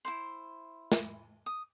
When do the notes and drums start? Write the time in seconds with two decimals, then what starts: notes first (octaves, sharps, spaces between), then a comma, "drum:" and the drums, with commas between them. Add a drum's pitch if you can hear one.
0.05 E4 C5 C6
0.92 drum: snare
1.46 D#6